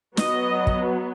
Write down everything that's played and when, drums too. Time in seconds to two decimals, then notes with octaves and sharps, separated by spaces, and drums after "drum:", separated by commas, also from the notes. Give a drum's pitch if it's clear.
0.17 F#3 B3 D#5, drum: snare
0.67 drum: kick